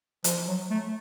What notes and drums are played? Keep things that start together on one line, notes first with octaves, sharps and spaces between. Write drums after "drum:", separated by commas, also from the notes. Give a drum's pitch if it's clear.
F3, drum: hi-hat
F#3
A3